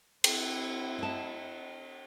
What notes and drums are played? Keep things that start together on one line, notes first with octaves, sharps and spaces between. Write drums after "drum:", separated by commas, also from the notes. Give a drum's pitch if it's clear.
C4 E4, drum: cymbal
D#5 A5